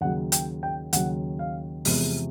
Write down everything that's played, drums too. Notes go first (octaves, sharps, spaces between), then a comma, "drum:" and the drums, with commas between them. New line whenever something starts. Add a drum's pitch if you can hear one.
D#2 C#3 F#3 F#5
G5, drum: hi-hat
G5
D#2 C#3 F#3 F#5, drum: hi-hat
F5
E2 C3 F3 G#3, drum: open hi-hat